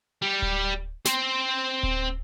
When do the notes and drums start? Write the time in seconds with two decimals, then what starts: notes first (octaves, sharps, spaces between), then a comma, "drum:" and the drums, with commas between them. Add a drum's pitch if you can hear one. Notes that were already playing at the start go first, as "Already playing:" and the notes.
0.22 G3
0.42 drum: kick D1
1.05 C4 C5, drum: snare
1.83 drum: kick D1